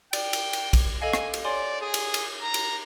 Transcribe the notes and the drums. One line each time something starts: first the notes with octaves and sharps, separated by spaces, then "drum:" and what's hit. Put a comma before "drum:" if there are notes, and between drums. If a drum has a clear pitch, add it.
D5 G5, drum: cymbal
drum: cymbal
drum: cymbal
drum: kick, cymbal
A4 D#5 F5 G#5
drum: rim click
drum: cymbal
C#5 D5 G#5 C6
G#4
drum: cymbal
drum: cymbal
A#5
drum: cymbal